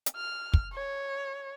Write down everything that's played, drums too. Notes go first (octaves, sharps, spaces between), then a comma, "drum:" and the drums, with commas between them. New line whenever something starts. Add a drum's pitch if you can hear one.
drum: hi-hat
F6
drum: kick
C#5